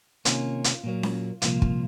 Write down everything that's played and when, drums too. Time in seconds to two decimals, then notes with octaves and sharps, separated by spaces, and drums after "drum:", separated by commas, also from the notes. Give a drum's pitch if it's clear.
0.25 C3 D#3 A#3 C#4 F4, drum: hi-hat
0.64 drum: hi-hat
0.84 A#2 F#3 A#3
1.03 drum: snare C#4
1.42 C2 A#2 F3 A#3 F4, drum: hi-hat
1.62 F4, drum: kick